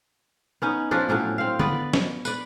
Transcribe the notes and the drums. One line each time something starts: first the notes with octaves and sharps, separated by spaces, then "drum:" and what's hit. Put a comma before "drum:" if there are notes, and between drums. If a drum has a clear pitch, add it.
B3 C#4 D#4
F3 C#4 D4
A2 F#3 C#4 D4
C4 F5
B3 B4 D5, drum: tom D3
drum: snare
B4 D5, drum: tambourine